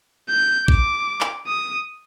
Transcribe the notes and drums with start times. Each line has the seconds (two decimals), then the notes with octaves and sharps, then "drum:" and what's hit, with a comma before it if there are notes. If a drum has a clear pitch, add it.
0.29 G6
0.68 D6, drum: kick A1
1.21 drum: clap
1.47 D#6